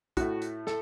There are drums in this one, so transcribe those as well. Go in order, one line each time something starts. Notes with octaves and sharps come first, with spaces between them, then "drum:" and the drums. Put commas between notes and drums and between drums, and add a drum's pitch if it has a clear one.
A2 A3 F#4, drum: kick, hi-hat
drum: hi-hat
A4, drum: snare